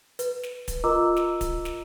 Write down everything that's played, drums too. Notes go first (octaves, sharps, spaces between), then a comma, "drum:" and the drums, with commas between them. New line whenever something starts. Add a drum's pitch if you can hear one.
B4, drum: hi-hat
drum: snare
drum: kick D1, hi-hat
F4 A#4 D#5 A#5 D6 E6
drum: snare
drum: kick D1, hi-hat
drum: snare